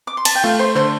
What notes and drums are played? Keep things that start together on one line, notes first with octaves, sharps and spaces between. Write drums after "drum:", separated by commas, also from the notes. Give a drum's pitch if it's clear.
D6
C6
A5, drum: cymbal
G5
A3 F4 F5
C5 C6
D3 C5 C6